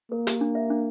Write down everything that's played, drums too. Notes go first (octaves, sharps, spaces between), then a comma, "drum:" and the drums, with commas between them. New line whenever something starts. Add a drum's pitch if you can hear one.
A#3 A#4
G4, drum: hi-hat
D4
E5
D4